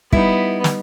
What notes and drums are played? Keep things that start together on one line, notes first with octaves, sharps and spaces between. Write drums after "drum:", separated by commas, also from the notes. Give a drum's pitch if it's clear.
G3 B3 D#4 E4, drum: kick
drum: snare